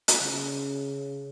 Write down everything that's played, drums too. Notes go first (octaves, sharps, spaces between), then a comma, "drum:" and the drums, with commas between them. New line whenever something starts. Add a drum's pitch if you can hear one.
drum: hi-hat
C#3